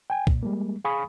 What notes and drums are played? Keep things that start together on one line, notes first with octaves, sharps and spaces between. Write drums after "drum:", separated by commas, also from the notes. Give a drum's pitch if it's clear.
G5 G#5
F2 A#2, drum: kick B1
G3 G#3 A#3
G#4 F5 G#5 B5 C#6 D#6